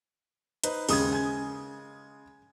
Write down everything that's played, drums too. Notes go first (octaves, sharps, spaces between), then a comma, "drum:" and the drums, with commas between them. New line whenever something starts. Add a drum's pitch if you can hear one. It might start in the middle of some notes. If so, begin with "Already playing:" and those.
D#4 B4 C5, drum: hi-hat
D#2 C#3 G#3 D#6 G#6, drum: open hi-hat
G#5 G#6